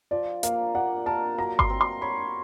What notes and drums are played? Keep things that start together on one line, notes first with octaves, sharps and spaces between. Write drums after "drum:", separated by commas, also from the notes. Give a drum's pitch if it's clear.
F3 D5
A#3 F5, drum: hi-hat
D5 F#5
A#4 A5
F#3 A#5
C6, drum: kick G1
C4
C6
C#5 B5